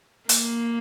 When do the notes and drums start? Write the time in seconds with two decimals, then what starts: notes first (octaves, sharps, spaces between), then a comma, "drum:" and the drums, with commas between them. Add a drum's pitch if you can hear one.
0.29 A#3, drum: hi-hat